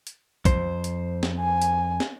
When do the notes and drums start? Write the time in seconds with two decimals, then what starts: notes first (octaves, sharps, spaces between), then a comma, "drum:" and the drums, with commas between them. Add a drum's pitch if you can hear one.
0.07 drum: hi-hat
0.45 F2 C5, drum: kick, hi-hat
0.84 drum: hi-hat
1.23 drum: snare
1.40 G#5
1.62 drum: hi-hat
2.00 drum: snare